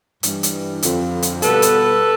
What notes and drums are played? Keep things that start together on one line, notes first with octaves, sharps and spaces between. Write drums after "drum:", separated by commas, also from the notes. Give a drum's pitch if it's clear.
G2 E3 G3, drum: hi-hat
drum: hi-hat
F2 D3 F3, drum: hi-hat
drum: hi-hat
B2 G3 B3 A4 B4, drum: hi-hat
drum: hi-hat